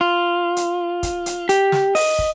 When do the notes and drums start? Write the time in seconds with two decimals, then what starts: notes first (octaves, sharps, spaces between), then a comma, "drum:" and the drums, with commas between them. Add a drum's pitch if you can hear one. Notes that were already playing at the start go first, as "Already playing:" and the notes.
0.01 F4
0.56 drum: hi-hat
1.03 drum: kick, hi-hat
1.26 drum: hi-hat
1.49 G4, drum: hi-hat
1.72 drum: snare
1.95 D#5, drum: open hi-hat
2.19 drum: kick